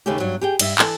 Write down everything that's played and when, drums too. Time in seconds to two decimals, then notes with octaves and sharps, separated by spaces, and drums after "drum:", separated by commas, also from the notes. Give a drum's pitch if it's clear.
0.06 D#2 C#3 A3 C#4 G4
0.20 G2 F#3
0.41 G4 G#4 G5
0.59 G2 D#5 E5, drum: cymbal
0.79 E3 A4, drum: clap